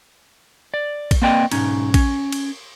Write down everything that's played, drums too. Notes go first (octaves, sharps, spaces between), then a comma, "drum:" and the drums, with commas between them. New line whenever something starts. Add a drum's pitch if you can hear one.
D5
drum: kick, cymbal
A#3 C4 B4 D5 D#5 G5
B1 G#2 C#4 D#4, drum: cymbal
C#4, drum: kick, cymbal
drum: cymbal